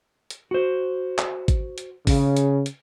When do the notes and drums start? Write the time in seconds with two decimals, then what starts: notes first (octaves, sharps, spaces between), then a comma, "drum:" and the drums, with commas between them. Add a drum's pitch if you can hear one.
0.30 drum: hi-hat
0.51 F#4 C5
1.19 drum: clap
1.48 drum: kick G#1, hi-hat
1.78 drum: hi-hat
2.07 C#3, drum: kick G#1, open hi-hat
2.37 drum: hi-hat
2.66 drum: hi-hat